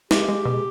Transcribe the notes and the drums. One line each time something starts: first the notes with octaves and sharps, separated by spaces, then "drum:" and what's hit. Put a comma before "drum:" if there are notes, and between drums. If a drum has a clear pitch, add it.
G#3 G4, drum: snare
G#3
B2